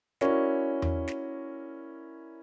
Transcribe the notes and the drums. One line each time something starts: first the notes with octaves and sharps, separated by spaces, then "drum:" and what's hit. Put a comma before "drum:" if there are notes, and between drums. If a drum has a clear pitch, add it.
C#4 E4 F#4 A#4 D5, drum: snare
drum: tom E2
drum: snare